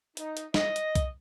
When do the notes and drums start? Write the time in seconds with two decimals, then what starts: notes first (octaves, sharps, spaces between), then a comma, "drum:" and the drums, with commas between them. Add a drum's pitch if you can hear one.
0.17 D#4, drum: hi-hat
0.37 drum: hi-hat
0.54 D#5, drum: snare
0.76 drum: hi-hat
0.95 drum: kick B1, hi-hat